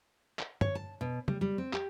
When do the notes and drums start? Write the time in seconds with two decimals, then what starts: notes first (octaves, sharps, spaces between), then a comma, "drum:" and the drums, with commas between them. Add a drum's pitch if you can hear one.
0.39 drum: clap
0.61 C#5, drum: tom G2
0.75 A5
1.01 B2
1.28 G3, drum: tom C#3
1.41 G3
1.58 C4
1.73 G4, drum: clap